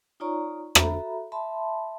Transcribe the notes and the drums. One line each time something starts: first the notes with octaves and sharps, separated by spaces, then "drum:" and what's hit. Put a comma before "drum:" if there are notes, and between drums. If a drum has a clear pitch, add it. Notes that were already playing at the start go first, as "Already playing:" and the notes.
D#4 F4 C#5 D5 A#5 C#6
F#4 A4 E5 A#5 B5, drum: rim click
E5 A5 B5 C6